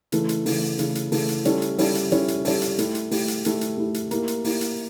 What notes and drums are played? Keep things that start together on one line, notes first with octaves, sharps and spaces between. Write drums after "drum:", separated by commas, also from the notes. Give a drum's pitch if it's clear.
C#3 E3 A3, drum: hi-hat
drum: hi-hat
C#3 E3 A3, drum: open hi-hat
C#3 E3 A3, drum: hi-hat
drum: hi-hat
C#3 E3 A3, drum: open hi-hat
drum: hi-hat
G3 C#4 E4 A4, drum: hi-hat
drum: hi-hat
G3 C#4 E4 A4, drum: open hi-hat
drum: hi-hat
G3 C#4 E4 A4, drum: hi-hat
drum: hi-hat
G3 C#4 E4 A4, drum: open hi-hat
drum: hi-hat
A3 E4 G4, drum: hi-hat
drum: hi-hat
A3 E4 G4, drum: open hi-hat
drum: hi-hat
A3 E4 G4, drum: hi-hat
drum: hi-hat
A3 E4 G4
drum: hi-hat
A#3 E4 G4, drum: hi-hat
drum: hi-hat
A#3 E4 G4, drum: open hi-hat
drum: hi-hat